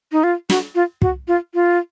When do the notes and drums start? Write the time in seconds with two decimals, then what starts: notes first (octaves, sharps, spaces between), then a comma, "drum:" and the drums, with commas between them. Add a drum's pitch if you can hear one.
0.12 D#4
0.24 F4
0.50 F#4, drum: snare
0.75 F4
1.02 F#4, drum: kick
1.28 F4
1.54 F4